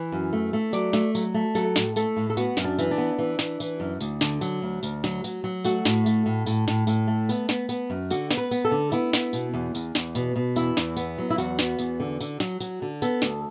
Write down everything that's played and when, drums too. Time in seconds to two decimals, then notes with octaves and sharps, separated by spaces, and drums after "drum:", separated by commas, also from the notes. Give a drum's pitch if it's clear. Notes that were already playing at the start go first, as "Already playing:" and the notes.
Already playing: E3
0.12 F#2
0.33 A3
0.53 A3
0.73 F#3 D5, drum: tambourine
0.93 A3, drum: snare
1.15 F#3, drum: tambourine
1.34 A3
1.55 F#3 A4, drum: tambourine
1.76 A2, drum: snare
1.96 A3 A4, drum: tambourine
2.17 A2
2.30 A4
2.37 B3 F#4, drum: tambourine
2.57 F#2, drum: snare
2.65 D4
2.79 E3, drum: tambourine
2.91 D4
2.98 B3
3.19 E3
3.39 E3, drum: snare
3.60 E3, drum: tambourine
3.80 F#2
4.01 D2, drum: tambourine
4.21 D3, drum: snare
4.41 F#3, drum: tambourine
4.62 D2
4.83 D2, drum: tambourine
5.04 F#3, drum: snare
5.24 F#3, drum: tambourine
5.44 F#3
5.65 A3 F#4, drum: tambourine
5.85 A2, drum: snare
6.06 A3, drum: tambourine
6.26 A2
6.46 A2, drum: tambourine
6.68 A2, drum: snare
6.87 A2, drum: tambourine
7.08 A3
7.29 B3, drum: tambourine
7.49 B3, drum: snare
7.69 B3, drum: tambourine
7.90 F#2
8.11 D3 F#4, drum: tambourine
8.31 B3, drum: snare
8.37 B4
8.51 B3, drum: tambourine
8.65 A4
8.71 D3
8.92 B3 E4, drum: tambourine
9.13 B3, drum: snare
9.33 B2, drum: tambourine
9.54 E2
9.75 E2, drum: tambourine
9.95 E2, drum: snare
10.15 B2, drum: tambourine
10.36 B2
10.56 E2 E4, drum: tambourine
10.77 E2, drum: snare
10.97 B3, drum: tambourine
11.18 F#3
11.30 E4
11.38 E2 F#4, drum: tambourine
11.59 B3, drum: snare
11.79 E2, drum: tambourine
12.00 D3
12.20 D3, drum: tambourine
12.40 F#3, drum: snare
12.60 F#3, drum: tambourine
12.82 D3
13.02 B3 A4, drum: tambourine
13.22 D2, drum: snare